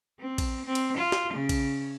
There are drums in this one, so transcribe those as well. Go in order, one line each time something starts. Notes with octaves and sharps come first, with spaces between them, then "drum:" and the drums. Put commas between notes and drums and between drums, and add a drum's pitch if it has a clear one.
C4
drum: kick A#1, cymbal
C4
drum: cymbal
F4
drum: snare
C#3
drum: kick A#1, cymbal